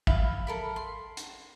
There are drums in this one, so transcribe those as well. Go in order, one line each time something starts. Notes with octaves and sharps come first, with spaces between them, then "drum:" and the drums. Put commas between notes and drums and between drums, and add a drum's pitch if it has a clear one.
E5 F5 B5, drum: kick
A4 A#4 B5
C6
drum: hi-hat